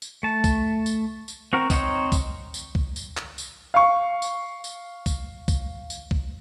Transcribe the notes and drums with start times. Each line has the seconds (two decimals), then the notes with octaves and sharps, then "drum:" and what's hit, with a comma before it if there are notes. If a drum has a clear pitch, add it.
0.02 drum: tambourine
0.23 A3 A5
0.44 drum: kick, tambourine
0.86 drum: tambourine
1.28 drum: tambourine
1.53 C4 F#4 A#4
1.70 C4 D#4 C5 C#5, drum: kick, tambourine
2.12 drum: kick, tambourine
2.54 drum: tambourine
2.75 drum: kick
2.96 drum: tambourine
3.17 drum: clap
3.38 drum: tambourine
3.74 F5 C#6
4.22 drum: tambourine
4.64 drum: tambourine
5.06 drum: kick, tambourine
5.48 drum: kick, tambourine
5.90 drum: tambourine
6.11 drum: kick